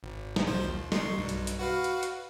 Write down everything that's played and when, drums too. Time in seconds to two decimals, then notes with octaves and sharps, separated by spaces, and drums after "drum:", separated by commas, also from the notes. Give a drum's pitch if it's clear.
0.03 G#1
0.36 drum: snare
0.47 B1 F3 C5
0.66 D#2
0.92 C6 C#6, drum: snare
1.18 B1 G2
1.29 drum: hi-hat
1.47 drum: hi-hat
1.59 F#4 B4 F5
1.84 drum: hi-hat
2.03 drum: hi-hat